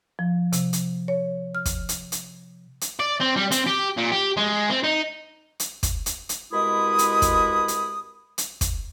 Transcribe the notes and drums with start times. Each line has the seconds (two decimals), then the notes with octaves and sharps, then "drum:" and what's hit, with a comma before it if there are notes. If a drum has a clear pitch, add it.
0.19 F3
0.53 C3, drum: hi-hat
0.73 drum: hi-hat
1.08 C#5
1.55 F6
1.65 drum: kick, hi-hat
1.89 drum: hi-hat
2.12 drum: hi-hat
2.81 drum: hi-hat
3.00 D5
3.21 C4
3.37 G3
3.52 C4, drum: hi-hat
3.67 G4
3.97 A#2
4.12 G4
4.37 G#3
4.70 C4
4.84 D#4
5.60 drum: hi-hat
5.83 drum: kick, hi-hat
6.06 drum: hi-hat
6.29 drum: hi-hat
6.52 C2 B2 G#3 E4 B5 D#6
6.99 drum: hi-hat
7.22 drum: kick, hi-hat
7.68 drum: hi-hat
8.38 drum: hi-hat
8.61 drum: kick, hi-hat